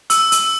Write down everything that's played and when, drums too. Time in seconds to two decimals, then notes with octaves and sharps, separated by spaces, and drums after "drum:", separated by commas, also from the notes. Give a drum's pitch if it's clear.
0.10 E6, drum: hi-hat
0.32 drum: hi-hat